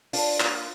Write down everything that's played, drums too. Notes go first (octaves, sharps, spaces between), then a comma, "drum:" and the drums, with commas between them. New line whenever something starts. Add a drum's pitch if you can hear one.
D4 F4, drum: open hi-hat
A#3, drum: clap